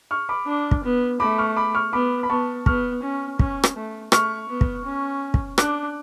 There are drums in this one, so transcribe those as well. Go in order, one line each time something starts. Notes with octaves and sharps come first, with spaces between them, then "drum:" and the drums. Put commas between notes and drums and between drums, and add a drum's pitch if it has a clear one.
C#6 F6
B5 D6
D4
drum: kick
B3
A3 B5 D6
C#6 F6
B5 D6
C#6 F6
B3 B5 D6
B5
B3 A5 C#6
B3 C#6 F6, drum: kick
C#4
C#4, drum: kick
drum: rim click
A3
A3 C#6 F6, drum: rim click
B3
drum: kick
C#4
drum: kick
D4 D6 F#6, drum: rim click